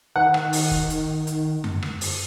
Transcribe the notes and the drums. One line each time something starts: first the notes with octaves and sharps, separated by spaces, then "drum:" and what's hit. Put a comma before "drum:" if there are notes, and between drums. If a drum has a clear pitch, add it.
D#3 F#5
drum: rim click
drum: open hi-hat
drum: kick
drum: hi-hat
drum: hi-hat
drum: tom F#2
drum: rim click
drum: open hi-hat